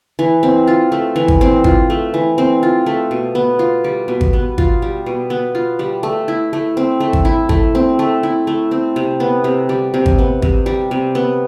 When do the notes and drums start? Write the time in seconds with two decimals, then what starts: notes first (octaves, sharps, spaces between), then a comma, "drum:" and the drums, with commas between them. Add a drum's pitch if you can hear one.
0.19 E3
0.43 C4
0.67 F4
0.92 A3
1.16 E3
1.28 drum: kick G#1
1.41 C4
1.64 F4, drum: kick G#1
1.90 A3
2.14 E3
2.38 C4
2.63 F4
2.86 A3
3.11 B2
3.35 B3
3.59 F4
3.84 G3
4.08 B2
4.21 drum: kick G#1
4.33 B3
4.58 F4, drum: kick G#1
4.82 G3
5.06 B2
5.30 B3
5.55 F4
5.79 G3
6.03 A3
6.28 E4
6.53 A3
6.77 C4
7.00 A3
7.13 drum: kick G#1
7.25 E4
7.49 A3, drum: kick G#1
7.75 C4
7.99 A3
8.23 E4
8.47 A3
8.71 C4
8.96 C3
9.20 B3
9.44 C3
9.69 G3
9.94 C3
10.06 drum: kick G#1
10.18 B3
10.42 C3, drum: kick G#1
10.66 G3
10.91 C3
11.15 B3